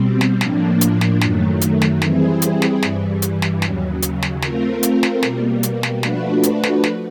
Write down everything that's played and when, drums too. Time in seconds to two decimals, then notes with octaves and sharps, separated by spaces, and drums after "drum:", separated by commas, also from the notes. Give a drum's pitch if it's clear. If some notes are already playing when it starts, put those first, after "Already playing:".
Already playing: B2 G3 C4
0.21 drum: snare
0.41 A2 F3 A#3 D4, drum: snare
0.81 drum: hi-hat
1.01 drum: snare
1.21 F#2 D#3 F#3 A3, drum: snare
1.61 drum: hi-hat
1.81 drum: snare
2.02 E3 G3 C4 E4 G#4, drum: snare
2.42 drum: hi-hat
2.62 drum: snare
2.82 G2 E3 G3, drum: snare
3.22 drum: hi-hat
3.42 drum: snare
3.62 D#2 C#3 F#3, drum: snare
4.02 drum: hi-hat
4.22 drum: snare
4.42 A3 C4 F4 A#4, drum: snare
4.83 drum: hi-hat
5.03 drum: snare
5.23 B2 G3 A#3, drum: snare
5.63 drum: hi-hat
5.83 drum: snare
6.03 F3 A3 D4 F#4 B4, drum: snare
6.43 drum: hi-hat
6.63 drum: snare
6.84 drum: snare